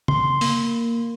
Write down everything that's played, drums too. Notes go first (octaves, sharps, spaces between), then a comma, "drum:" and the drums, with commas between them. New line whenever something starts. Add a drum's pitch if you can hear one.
C6, drum: tom
A#3, drum: open hi-hat